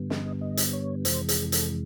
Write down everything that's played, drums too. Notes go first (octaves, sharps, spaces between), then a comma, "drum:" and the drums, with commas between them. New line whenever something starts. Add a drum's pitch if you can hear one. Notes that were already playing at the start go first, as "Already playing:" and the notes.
Already playing: G2 D3 G3 B3
D#5, drum: snare
D#5
drum: hi-hat
C#5
F2 C3 E3 G#3 C5, drum: hi-hat
G#4, drum: hi-hat
A4, drum: hi-hat